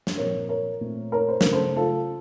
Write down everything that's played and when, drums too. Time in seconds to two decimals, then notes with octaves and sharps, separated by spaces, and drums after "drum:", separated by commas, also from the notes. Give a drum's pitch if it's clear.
0.07 drum: snare
0.17 A#2 F3 C4 A#4 C#5
0.49 A#4 C#5
0.81 A#2 A3 C4
1.12 A#4 C#5
1.29 C5
1.41 C#3 A3 C#4 A#4, drum: snare
1.53 A4 C5
1.76 F4 A4